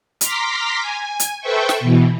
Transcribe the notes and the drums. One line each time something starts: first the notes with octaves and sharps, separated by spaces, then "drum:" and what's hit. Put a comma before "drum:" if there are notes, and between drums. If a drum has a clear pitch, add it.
A#5 C6 D6 F6 B6, drum: hi-hat
G#5
drum: hi-hat
A4 B4 C5 E5 G5 C#6
drum: snare
B2 E3